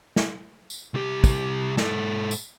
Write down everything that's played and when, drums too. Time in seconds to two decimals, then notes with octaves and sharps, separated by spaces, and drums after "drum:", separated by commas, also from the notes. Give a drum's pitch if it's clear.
0.16 drum: snare
0.70 drum: tambourine
0.94 C2 G4
1.24 drum: kick, tambourine
1.77 G#2 A4, drum: snare
2.31 drum: tambourine